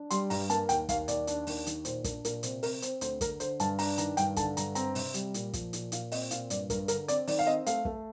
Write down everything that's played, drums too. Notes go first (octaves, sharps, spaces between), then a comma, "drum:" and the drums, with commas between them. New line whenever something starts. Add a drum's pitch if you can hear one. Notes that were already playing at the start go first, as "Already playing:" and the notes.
Already playing: D4
G3 C6, drum: hi-hat
G2 A#5, drum: open hi-hat
A#3 A5, drum: hi-hat
D#2 G5, drum: hi-hat
D#2 F5, drum: kick, hi-hat
D#2 D5, drum: hi-hat
D4, drum: hi-hat
D#2, drum: open hi-hat
D#3, drum: hi-hat
A#2 C5, drum: hi-hat
D4 A#4, drum: kick, hi-hat
A#2 A#4, drum: hi-hat
C3 C5, drum: hi-hat
C4 A#4, drum: open hi-hat
C4 C5, drum: hi-hat
D2 C5, drum: hi-hat
D3 A#4, drum: kick, hi-hat
D3 C5, drum: hi-hat
G2 A5, drum: hi-hat
D4 A#5, drum: open hi-hat
D#3 A#5, drum: hi-hat
G2 G5, drum: hi-hat
D3 A5, drum: kick, hi-hat
G2 A#5, drum: hi-hat
C4 A#5, drum: hi-hat
C3, drum: open hi-hat
G3, drum: hi-hat
A#2, drum: hi-hat
F3, drum: kick, hi-hat
A#2, drum: hi-hat
A#2 F5, drum: hi-hat
C4 D#5, drum: open hi-hat
A#2 F5, drum: hi-hat
G2 D5, drum: hi-hat
G2 A#4, drum: kick, hi-hat
D3 A#4, drum: hi-hat
C4 D5, drum: hi-hat
D#3 D5, drum: open hi-hat
F5
C4 D#5
A3 F5, drum: hi-hat
A3, drum: kick